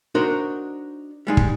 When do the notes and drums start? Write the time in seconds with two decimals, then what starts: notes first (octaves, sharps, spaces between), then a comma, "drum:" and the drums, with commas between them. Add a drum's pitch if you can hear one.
0.15 D4 D#4 F#4 A#4 C5
1.27 G3 G#3 D#4
1.37 drum: kick